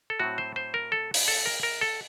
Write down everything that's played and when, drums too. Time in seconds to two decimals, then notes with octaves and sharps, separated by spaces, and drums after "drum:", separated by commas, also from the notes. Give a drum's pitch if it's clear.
0.10 A4
0.20 A2 F#3 C4 F#4
0.38 C5
0.56 C5
0.74 A#4
0.92 A4
1.14 drum: open hi-hat
1.28 A4
1.46 A#4
1.63 A#4
1.81 A4